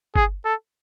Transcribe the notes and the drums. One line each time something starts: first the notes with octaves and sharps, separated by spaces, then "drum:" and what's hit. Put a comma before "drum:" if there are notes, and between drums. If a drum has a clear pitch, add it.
G#4, drum: kick G1
A4